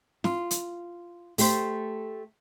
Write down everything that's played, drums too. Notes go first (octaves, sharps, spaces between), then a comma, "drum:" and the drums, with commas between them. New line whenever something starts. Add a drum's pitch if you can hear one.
F4, drum: snare
drum: hi-hat
A3 G4 A4 C5, drum: open hi-hat